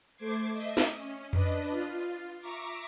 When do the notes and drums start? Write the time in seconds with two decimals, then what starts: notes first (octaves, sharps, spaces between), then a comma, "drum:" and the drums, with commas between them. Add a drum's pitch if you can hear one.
0.16 A3 C5 D6 G#6 C7
0.52 D#5 E5
0.77 drum: snare
0.96 C#4
1.33 D4 B4 D#5, drum: tom F2
1.70 F4
2.40 E5 A#5 C#6 D6